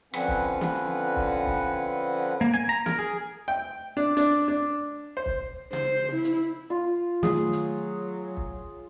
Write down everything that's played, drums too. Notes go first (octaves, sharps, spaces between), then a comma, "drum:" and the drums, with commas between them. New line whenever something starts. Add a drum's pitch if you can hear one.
D3 F3 C4 C#4 B4 F#5, drum: rim click
drum: kick
drum: snare
drum: kick
drum: kick
A#3
G#5
A#5
A#4, drum: snare
G#4
G5
D4
D4, drum: hi-hat
D4
C5
drum: kick
C5, drum: tom C#3
E4
drum: hi-hat
F4
D#3 F#3 A3 G#4, drum: snare
drum: hi-hat
drum: kick